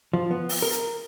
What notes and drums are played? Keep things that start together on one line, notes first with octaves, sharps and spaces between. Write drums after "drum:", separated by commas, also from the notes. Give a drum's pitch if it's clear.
F3
B3
drum: open hi-hat
A#4
drum: hi-hat